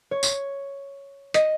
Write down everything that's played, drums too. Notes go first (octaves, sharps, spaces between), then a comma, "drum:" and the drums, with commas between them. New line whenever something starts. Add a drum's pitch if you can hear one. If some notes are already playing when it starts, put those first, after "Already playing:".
C#5
drum: tambourine
D#5, drum: hi-hat